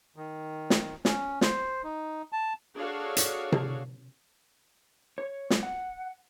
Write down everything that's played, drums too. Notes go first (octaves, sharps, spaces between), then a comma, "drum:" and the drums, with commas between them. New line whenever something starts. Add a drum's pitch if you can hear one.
D#3
drum: snare
C#4, drum: snare
C5, drum: snare
D#4
A5
D4 F#4 G#4 A4 C#5 F5
drum: hi-hat
drum: tom C3
C#5
G3, drum: snare
F#5